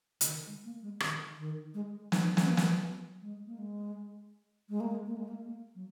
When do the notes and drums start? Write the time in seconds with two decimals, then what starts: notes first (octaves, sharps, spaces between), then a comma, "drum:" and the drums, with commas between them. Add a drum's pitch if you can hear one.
0.21 C#3, drum: hi-hat
0.27 D#3
0.46 G#3
0.65 A#3
0.82 G#3
1.00 D#3, drum: rim click
1.38 D#3
1.74 G#3
2.12 D#4, drum: snare
2.37 C#4, drum: snare
2.48 A#3
2.57 drum: snare
2.85 F#3
3.22 G#3
3.46 A#3
3.58 G#3
4.69 G#3
4.80 A#3
4.91 G#3
5.06 A#3
5.17 G#3
5.28 A#3
5.43 A#3
5.75 F#3